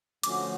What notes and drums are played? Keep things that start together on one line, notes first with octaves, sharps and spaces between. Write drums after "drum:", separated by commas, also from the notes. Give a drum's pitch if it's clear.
D3 F3 A3 C#4 F#4 D6, drum: hi-hat